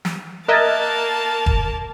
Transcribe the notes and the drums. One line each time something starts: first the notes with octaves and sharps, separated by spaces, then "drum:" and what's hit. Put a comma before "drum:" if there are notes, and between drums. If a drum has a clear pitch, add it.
drum: snare
A#3 A#4 D#5 E5 A5 F#6 G#6 A6
drum: kick